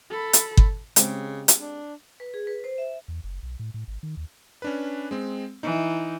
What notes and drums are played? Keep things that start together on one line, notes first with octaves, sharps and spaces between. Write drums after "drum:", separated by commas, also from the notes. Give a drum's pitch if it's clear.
A4 B5
drum: hi-hat
drum: kick G1
C#3 G#3 C4 G4, drum: hi-hat
drum: hi-hat
D4
B4
G#4
B4
C5
E5
E2
F#1
B1
A2
A2
G#1
D#3
D#2
C#4 D4 B4
G#3 C4
E3 D#4